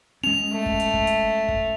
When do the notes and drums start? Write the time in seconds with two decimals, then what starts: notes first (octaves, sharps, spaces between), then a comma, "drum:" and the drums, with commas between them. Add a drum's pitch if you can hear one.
0.24 G#3 C#4 F7
0.52 A3
0.66 drum: kick
0.80 drum: hi-hat
0.93 drum: kick
1.07 drum: hi-hat
1.48 drum: kick